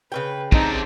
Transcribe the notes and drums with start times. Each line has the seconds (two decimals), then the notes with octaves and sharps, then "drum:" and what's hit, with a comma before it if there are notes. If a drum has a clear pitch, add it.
0.12 C#3 C#4 B4 G5
0.52 C3 C4 D4 D#4, drum: kick